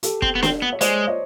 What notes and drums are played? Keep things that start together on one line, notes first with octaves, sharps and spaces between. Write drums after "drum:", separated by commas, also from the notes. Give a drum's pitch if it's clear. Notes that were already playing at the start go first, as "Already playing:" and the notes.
G4 A4, drum: hi-hat
C4, drum: kick F1
B3
C4, drum: snare
B3
C#5
G#3 C5 D5, drum: hi-hat
C#5 D#5